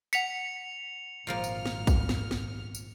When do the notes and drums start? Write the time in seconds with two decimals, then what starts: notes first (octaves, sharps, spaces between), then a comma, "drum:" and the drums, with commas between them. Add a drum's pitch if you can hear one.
0.13 F#5 B6 C#7 F7, drum: tambourine
1.27 G#1 A#2 F3 A#3 F6
1.44 drum: tambourine
1.66 drum: snare
1.87 drum: kick, tambourine
2.09 drum: snare
2.31 drum: snare
2.75 drum: tambourine